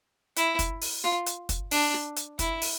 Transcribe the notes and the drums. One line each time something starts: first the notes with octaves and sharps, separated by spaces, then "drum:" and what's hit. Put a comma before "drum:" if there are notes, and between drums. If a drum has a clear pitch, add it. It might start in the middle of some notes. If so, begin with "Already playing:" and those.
E4, drum: hi-hat
drum: kick, hi-hat
drum: open hi-hat
F4, drum: snare
drum: hi-hat
drum: kick, hi-hat
D4, drum: open hi-hat
drum: snare
drum: hi-hat
E4, drum: kick, hi-hat
drum: open hi-hat